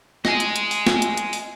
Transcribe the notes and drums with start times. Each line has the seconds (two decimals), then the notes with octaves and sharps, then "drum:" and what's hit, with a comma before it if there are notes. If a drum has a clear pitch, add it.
0.25 D#5 G#5, drum: snare
0.40 drum: hi-hat
0.56 drum: hi-hat
0.71 drum: open hi-hat
0.87 drum: snare
1.02 drum: hi-hat
1.17 drum: hi-hat
1.33 drum: open hi-hat